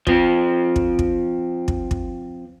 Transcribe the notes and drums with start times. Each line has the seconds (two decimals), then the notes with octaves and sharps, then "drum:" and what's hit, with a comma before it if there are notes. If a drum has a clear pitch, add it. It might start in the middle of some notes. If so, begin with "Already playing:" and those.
0.07 F3 C4, drum: kick
0.76 drum: kick
0.99 drum: kick
1.68 drum: kick
1.91 drum: kick